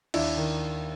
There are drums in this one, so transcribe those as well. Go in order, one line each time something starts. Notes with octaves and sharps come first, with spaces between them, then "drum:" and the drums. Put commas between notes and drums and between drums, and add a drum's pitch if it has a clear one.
D#2 D4 E4, drum: cymbal
D#3